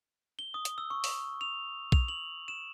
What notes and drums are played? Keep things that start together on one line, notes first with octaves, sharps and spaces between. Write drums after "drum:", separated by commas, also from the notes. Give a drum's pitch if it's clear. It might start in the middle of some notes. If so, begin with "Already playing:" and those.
G7
D#6
drum: hi-hat
E6
C#6
drum: open hi-hat
F7
F7, drum: kick B1
F#7
E7